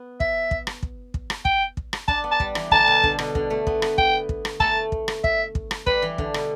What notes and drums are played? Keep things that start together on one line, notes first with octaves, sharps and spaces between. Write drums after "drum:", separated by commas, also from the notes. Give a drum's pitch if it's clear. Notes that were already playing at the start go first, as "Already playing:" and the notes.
Already playing: B3
E5, drum: kick
drum: kick
drum: rim click
drum: kick
drum: kick
drum: rim click
G5, drum: kick
drum: kick
drum: rim click
D4 A5, drum: kick
B3
A5
G3, drum: kick
E3, drum: rim click
D3 A5, drum: kick
B2
D3, drum: kick
B2, drum: rim click
D3, drum: kick
A3
B3, drum: kick
B3, drum: rim click
G5, drum: kick
drum: kick
drum: rim click
A3 A5, drum: kick
drum: kick
drum: rim click
E5, drum: kick
drum: kick
drum: rim click
G3 B4, drum: kick
E3
D3, drum: kick
B2, drum: rim click